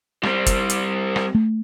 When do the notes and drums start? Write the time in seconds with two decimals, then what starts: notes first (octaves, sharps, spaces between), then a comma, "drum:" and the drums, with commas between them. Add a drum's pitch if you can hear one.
0.23 G3 C4, drum: rim click
0.46 drum: kick, hi-hat
0.70 drum: hi-hat
1.16 drum: rim click
1.35 A3